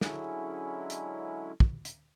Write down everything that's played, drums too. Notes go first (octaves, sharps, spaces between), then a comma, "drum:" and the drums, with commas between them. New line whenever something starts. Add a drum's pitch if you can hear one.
D3 F#3 G#3 C#4 E4, drum: snare
drum: hi-hat
drum: kick
drum: hi-hat